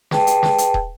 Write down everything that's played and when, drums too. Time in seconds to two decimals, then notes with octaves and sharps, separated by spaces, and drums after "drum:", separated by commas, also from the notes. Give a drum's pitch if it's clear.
0.11 G#4 B4 G5 A5, drum: snare
0.27 drum: hi-hat
0.43 drum: snare
0.58 drum: hi-hat
0.74 drum: kick